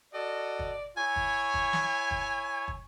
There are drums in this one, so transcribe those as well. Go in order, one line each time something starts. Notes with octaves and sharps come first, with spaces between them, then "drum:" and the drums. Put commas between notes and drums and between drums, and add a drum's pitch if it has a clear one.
F#4 A4 D5 D#5
drum: kick
E4 C#5 G#5
drum: kick
drum: kick
drum: snare
drum: kick
drum: kick